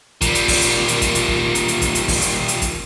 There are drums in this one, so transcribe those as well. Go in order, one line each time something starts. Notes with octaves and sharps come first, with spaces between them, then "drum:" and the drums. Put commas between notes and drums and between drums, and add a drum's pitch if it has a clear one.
A#2 G3, drum: kick, hi-hat
drum: hi-hat
drum: kick, open hi-hat
drum: hi-hat
drum: hi-hat
drum: kick, hi-hat
drum: hi-hat
drum: kick
drum: hi-hat
drum: hi-hat
drum: kick, hi-hat
drum: hi-hat
drum: kick, open hi-hat
drum: hi-hat
drum: hi-hat
drum: kick, hi-hat